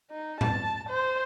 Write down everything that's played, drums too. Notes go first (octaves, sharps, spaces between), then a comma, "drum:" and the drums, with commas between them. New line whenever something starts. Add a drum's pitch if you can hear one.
D#4
A5, drum: tom A2
C5